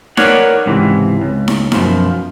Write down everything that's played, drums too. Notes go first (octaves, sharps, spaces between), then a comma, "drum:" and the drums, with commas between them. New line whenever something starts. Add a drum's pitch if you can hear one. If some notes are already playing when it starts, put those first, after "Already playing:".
D#4 A#4 B4 C#5 D5 F#5, drum: snare D#4
C#2 G#2 C3 E3
C#2
drum: snare D#4
F#2 B2 F3, drum: snare D#4